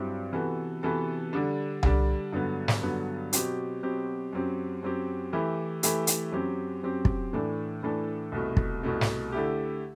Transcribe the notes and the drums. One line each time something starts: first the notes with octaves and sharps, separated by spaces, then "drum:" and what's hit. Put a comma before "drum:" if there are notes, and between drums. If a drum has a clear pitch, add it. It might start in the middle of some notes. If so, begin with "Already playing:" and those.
Already playing: G2 F#3 C4 E4 G4
C3 E3 B3 F#4 A4
C3 E3 B3 F#4 A4
D3 G3 D4
D3 G3 D4, drum: tom C2
G2 D3 F#3 B3
drum: snare
G2 D3 F#3 B3
B2 F#3 C4 G4, drum: hi-hat
B2 F#3 C4 G4
F#2 F#3 C4 G4
F#2 F#3 C4 G4
E3 A3 E4 G4
E3 A3 E4 G4, drum: hi-hat
drum: hi-hat
F#2 F#3 C4 G4
F#2 F#3 C4 G4
drum: kick
A2 E3 A3 D4 A4
A2 E3 A3 D4 A4
C2 B2 A3
drum: kick
C2 B2 A3
drum: snare
D3 A3 E4 G4